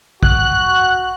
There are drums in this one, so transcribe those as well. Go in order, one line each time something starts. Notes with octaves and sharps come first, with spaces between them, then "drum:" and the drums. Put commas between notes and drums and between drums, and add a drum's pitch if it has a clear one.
F#4 F#6, drum: kick